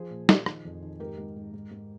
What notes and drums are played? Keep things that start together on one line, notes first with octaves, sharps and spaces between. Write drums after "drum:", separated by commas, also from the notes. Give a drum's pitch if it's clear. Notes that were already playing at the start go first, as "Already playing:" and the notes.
Already playing: F3 G#4 C5
A#2
F3, drum: snare
D#3, drum: rim click
F2
D#3
G#2 G4 A#4
G#2
G#2
G#2
G#2